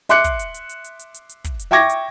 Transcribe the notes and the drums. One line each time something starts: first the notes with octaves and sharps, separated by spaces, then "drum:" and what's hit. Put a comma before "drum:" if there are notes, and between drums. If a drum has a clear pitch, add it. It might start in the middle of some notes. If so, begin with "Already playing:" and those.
E5 C6 D6 F#6 C#7, drum: hi-hat
drum: kick, hi-hat
drum: hi-hat
drum: hi-hat
drum: hi-hat
drum: hi-hat
drum: hi-hat
drum: hi-hat
drum: hi-hat
drum: kick, hi-hat
drum: hi-hat
E5 G5 C#6 D6 G#6 A#6
drum: hi-hat